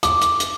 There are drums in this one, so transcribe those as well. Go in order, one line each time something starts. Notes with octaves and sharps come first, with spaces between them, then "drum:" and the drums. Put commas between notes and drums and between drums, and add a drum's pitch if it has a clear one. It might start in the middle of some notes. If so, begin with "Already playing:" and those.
D6, drum: hi-hat
drum: hi-hat
drum: hi-hat